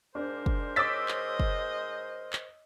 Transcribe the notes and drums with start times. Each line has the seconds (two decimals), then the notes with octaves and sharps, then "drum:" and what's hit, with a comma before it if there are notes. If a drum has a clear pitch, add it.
0.15 G#2 D4 A#4 C5
0.46 drum: kick
0.76 C#5 D#5 D6 E6 A6 B6
1.08 drum: clap
1.40 drum: kick
2.33 drum: clap